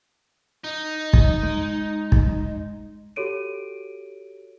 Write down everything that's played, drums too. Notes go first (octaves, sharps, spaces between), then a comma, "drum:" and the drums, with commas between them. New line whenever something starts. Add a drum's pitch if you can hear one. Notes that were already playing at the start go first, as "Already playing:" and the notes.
D#4
drum: kick
G#3
drum: kick
F#4 G4 A4 C#5 D7 D#7